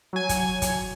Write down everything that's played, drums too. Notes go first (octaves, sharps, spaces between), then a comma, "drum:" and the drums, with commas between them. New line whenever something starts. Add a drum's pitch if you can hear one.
F#3 G#5
drum: kick, hi-hat
drum: kick, hi-hat